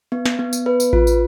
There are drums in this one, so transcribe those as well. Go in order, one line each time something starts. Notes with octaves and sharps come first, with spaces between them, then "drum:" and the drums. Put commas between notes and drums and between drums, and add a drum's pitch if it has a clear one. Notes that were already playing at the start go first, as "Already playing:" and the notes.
B3
drum: snare
B3
drum: tambourine
B4
drum: tambourine
F4, drum: kick A1
drum: tambourine